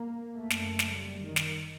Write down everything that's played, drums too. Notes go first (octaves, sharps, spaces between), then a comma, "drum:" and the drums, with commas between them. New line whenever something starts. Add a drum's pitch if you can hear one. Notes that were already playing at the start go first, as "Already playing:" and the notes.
Already playing: A#3
F#1 F#2 A3
drum: snare
drum: snare
G3
D#3
drum: snare